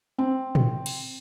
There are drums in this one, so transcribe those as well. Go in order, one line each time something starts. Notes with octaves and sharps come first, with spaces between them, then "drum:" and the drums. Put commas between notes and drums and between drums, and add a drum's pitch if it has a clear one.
C4
drum: tom
drum: cymbal